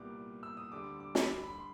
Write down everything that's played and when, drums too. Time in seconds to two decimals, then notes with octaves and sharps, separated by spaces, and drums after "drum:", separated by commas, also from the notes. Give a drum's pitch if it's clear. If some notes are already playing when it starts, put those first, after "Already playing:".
Already playing: C2 A#2 G3 B3 D6
0.43 E6
0.57 D#6
0.72 D2 D3 G3 D6
1.00 D6
1.15 B5, drum: snare
1.44 B5
1.58 C6